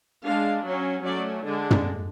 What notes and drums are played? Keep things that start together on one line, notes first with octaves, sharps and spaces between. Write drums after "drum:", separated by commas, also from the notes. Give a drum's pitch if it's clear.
G#3 D4 F5
F#3 C#4
F#3 A3 C#4 D5
D3 G#3 D4
drum: tom